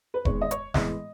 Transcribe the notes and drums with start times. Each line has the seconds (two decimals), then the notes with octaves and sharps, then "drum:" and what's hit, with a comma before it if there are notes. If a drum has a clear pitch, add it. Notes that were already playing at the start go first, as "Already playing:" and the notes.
0.14 B4
0.25 D#3 G#3 B3 C#5, drum: kick E1
0.41 D#5
0.51 C#5, drum: hi-hat
0.74 A2 E3 G#3 B3 D#5, drum: snare